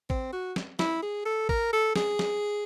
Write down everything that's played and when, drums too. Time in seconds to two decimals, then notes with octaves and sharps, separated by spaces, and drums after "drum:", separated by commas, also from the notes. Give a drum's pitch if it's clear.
0.10 C4, drum: kick A1
0.33 F#4
0.56 drum: snare
0.79 E4, drum: snare
1.02 G#4
1.26 A4
1.49 A#4, drum: kick A1
1.73 A4
1.96 G#4, drum: snare
2.19 drum: snare